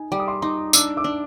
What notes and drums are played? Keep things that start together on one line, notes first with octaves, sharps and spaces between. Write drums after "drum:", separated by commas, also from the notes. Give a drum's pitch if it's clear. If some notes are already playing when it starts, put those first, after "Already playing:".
Already playing: D#4 G#5
G3 D6
D#6
C6 D6
D#4 C6 D6
D4 D6 E6, drum: tambourine
D6 E6
D4